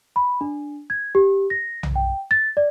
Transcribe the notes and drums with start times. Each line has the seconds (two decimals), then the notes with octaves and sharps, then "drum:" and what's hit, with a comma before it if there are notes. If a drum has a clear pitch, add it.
0.16 B5
0.41 D4
0.90 G#6
1.15 G4
1.50 A#6
1.83 drum: tom B1
1.96 G5
2.31 A6
2.57 D5